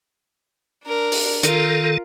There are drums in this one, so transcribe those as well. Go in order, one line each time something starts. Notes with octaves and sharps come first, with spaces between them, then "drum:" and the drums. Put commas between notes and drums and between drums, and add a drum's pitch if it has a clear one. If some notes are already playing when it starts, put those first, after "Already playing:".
D4 A#4
drum: open hi-hat
D#3 F4 A4 A#4, drum: hi-hat